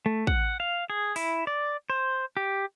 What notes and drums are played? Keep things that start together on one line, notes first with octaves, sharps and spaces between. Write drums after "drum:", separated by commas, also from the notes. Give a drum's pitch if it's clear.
A3
F#5, drum: kick
F5
G#4
E4, drum: open hi-hat
D5
C5
G4